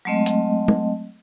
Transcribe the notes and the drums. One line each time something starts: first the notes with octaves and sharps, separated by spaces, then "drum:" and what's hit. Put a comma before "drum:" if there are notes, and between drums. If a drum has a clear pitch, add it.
F#3 G#3 A3 C4 D#5
drum: hi-hat
drum: tom G#3